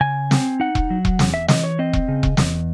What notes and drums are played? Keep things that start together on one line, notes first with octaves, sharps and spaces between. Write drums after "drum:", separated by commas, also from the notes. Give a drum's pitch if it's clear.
C#3 G#5
C4, drum: snare
D#4 F#5
drum: kick E1
F#3
drum: kick E1
E2, drum: snare
E5
E3 D#5, drum: snare
C#5
C4 D#5
drum: kick E1
C#3
drum: kick E1
E2, drum: snare